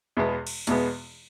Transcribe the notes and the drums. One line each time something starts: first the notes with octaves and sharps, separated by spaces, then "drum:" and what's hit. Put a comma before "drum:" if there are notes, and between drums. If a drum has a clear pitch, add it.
E2 B2 G#3 B3
drum: cymbal
E2 B2 G#3 B3, drum: hi-hat